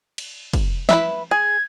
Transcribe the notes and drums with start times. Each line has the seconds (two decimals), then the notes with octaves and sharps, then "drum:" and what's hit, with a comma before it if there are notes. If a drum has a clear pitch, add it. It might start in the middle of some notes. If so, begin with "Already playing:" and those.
0.18 drum: cymbal
0.53 drum: kick, cymbal
0.89 E4 B4 E5, drum: snare
1.31 G#4 G#6